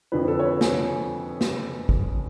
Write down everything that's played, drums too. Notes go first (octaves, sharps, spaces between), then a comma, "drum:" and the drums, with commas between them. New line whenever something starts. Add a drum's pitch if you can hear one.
F2 D3 F3 B4
A4
C#5
B4
G#5, drum: snare
drum: snare
drum: kick